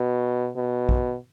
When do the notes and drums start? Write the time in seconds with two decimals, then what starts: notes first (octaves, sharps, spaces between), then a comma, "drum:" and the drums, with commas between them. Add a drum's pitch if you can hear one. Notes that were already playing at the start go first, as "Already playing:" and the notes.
Already playing: B2
0.56 B2
0.89 drum: kick